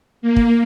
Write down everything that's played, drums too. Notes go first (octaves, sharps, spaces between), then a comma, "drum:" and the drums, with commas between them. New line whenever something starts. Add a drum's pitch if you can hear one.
A#3
drum: kick